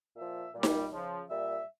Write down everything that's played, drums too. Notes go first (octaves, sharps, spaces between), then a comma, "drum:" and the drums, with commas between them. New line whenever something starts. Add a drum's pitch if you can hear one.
A#2 F3 E5
A#2 G3
drum: snare D#4
C#3 F3
A#2 G3 E5